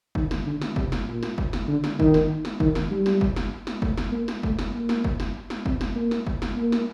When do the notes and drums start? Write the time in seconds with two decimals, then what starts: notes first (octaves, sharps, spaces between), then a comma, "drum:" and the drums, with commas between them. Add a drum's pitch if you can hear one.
0.15 D#3, drum: kick
0.31 drum: snare
0.47 D3
0.62 drum: snare
0.76 C3, drum: kick
0.92 drum: snare
1.08 A#2
1.23 drum: snare
1.38 drum: kick
1.53 drum: snare
1.68 D3
1.84 drum: snare
2.00 D#3, drum: kick
2.14 drum: snare
2.45 drum: snare
2.60 D#3, drum: kick
2.75 drum: snare
2.91 G3
3.06 drum: snare
3.21 drum: kick
3.36 drum: snare
3.67 drum: snare
3.82 A3, drum: kick
3.98 drum: snare
4.12 A#3
4.28 drum: snare
4.43 A3, drum: kick
4.59 drum: snare
4.74 A#3
4.89 drum: snare
5.04 drum: kick
5.20 drum: snare
5.50 drum: snare
5.66 C4, drum: kick
5.81 drum: snare
5.96 A#3
6.11 drum: snare
6.27 drum: kick
6.42 drum: snare
6.57 A#3
6.72 drum: snare